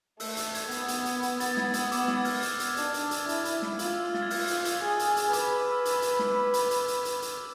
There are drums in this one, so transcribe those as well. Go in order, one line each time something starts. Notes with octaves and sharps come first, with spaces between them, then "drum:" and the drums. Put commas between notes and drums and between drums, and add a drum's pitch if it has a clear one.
A3 E6, drum: open hi-hat
drum: hi-hat
G#6, drum: hi-hat
B3, drum: hi-hat
drum: hi-hat
drum: hi-hat
drum: hi-hat
A6, drum: hi-hat
A6
G#6, drum: snare
B3 E6, drum: hi-hat
D6, drum: hi-hat
E6, drum: snare
G#6
F6, drum: open hi-hat
drum: hi-hat
drum: hi-hat
D4, drum: hi-hat
drum: hi-hat
drum: hi-hat
E4, drum: hi-hat
drum: hi-hat
drum: snare
F4 E6, drum: hi-hat
F6
A6, drum: snare
G#6
F4 F6, drum: open hi-hat
E6, drum: hi-hat
F6, drum: hi-hat
G#4
drum: hi-hat
drum: hi-hat
B4 D6, drum: hi-hat
D6
D6
E6
D6, drum: hi-hat
drum: hi-hat
drum: snare
drum: hi-hat
drum: hi-hat
drum: hi-hat
drum: hi-hat
drum: hi-hat